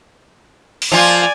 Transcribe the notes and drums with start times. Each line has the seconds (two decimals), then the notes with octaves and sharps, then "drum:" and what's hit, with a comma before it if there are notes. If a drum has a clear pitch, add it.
0.82 drum: open hi-hat
0.92 F3 F4 D5 G#5